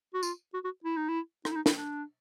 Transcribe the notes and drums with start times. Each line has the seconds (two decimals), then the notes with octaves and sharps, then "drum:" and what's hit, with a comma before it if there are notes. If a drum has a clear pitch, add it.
0.14 F#4
0.23 F4, drum: tambourine
0.54 F#4
0.64 F#4
0.84 E4
0.97 D#4
1.08 E4
1.45 D#4, drum: rim click
1.51 E4
1.56 D#4
1.66 E4, drum: snare
1.76 D4